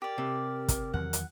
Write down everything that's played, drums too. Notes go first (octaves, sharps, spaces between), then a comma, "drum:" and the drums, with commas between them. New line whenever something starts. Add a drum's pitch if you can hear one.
G4 A#4 D5
C3
drum: kick, hi-hat
E2 D#3 F#3 F#5
drum: hi-hat